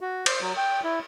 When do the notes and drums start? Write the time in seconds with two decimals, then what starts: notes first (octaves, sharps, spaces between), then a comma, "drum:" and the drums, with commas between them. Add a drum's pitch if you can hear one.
0.01 F#4
0.26 C5, drum: cymbal
0.42 F#3
0.57 G5
0.84 E4